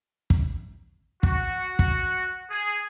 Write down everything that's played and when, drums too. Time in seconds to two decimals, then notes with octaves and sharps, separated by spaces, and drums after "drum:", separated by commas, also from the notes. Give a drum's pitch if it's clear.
0.30 drum: kick
1.23 F#4, drum: kick
1.79 drum: kick
2.50 G#4